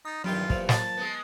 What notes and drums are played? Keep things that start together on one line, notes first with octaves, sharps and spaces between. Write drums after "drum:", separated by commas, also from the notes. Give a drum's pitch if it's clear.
D#4 D#6 A6
E2 G2 D#3 F#3 F4 G4 B5 G6
A#2 F3 A#3, drum: kick
A5, drum: snare
G#3 B3